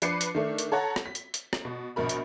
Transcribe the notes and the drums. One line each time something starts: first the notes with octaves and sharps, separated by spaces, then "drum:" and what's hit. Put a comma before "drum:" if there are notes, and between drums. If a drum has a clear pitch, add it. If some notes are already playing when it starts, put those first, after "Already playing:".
F3 D4 B4 D6 C7 C#7, drum: hi-hat
drum: hi-hat
D#3 A3 D4
drum: hi-hat
A4 C#5 F#5 A#5
drum: rim click
B6
drum: hi-hat
drum: hi-hat
drum: rim click
B2
A#1 B2 A#4 B5
drum: hi-hat